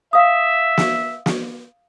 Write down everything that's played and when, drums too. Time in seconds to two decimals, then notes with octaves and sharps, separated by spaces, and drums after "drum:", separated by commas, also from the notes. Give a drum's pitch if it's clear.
0.13 E5 F5 D#6
0.77 drum: snare
1.26 drum: snare